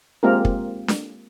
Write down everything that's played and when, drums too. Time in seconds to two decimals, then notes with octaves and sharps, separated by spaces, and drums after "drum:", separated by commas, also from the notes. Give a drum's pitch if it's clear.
0.23 G#3 A#3 C4 F4 G4 A#4
0.45 drum: kick
0.88 drum: snare D4